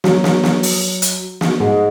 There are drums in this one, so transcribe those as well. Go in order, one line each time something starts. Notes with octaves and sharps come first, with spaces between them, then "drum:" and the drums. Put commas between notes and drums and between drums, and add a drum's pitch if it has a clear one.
F#3, drum: snare
drum: snare
drum: snare
drum: open hi-hat
drum: hi-hat
drum: snare
G#2 G#3